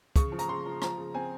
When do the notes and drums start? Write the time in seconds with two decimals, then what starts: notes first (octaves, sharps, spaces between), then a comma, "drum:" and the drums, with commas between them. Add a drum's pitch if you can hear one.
0.16 C#3 C#6, drum: kick, hi-hat
0.32 F3
0.39 A#5, drum: hi-hat
0.48 C#3 C6
0.65 F3
0.82 F3 A#5, drum: rim click
0.98 C#3
1.14 C4 G#5